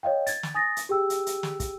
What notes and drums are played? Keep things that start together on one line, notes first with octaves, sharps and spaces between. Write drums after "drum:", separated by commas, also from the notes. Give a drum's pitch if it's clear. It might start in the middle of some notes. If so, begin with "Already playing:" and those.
C#5 D#5 F5 G5
G#6 A6, drum: hi-hat
drum: snare
G#5 D#6 A6 A#6
drum: hi-hat
G4 G#4 G5 E6
drum: hi-hat
drum: hi-hat
drum: snare
drum: kick, hi-hat